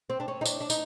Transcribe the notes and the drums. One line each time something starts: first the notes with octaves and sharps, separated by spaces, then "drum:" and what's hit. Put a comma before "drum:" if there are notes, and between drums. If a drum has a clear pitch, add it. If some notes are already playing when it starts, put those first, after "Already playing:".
C4
D4
C#4
D#4
D4, drum: tambourine
D4
D#4, drum: tambourine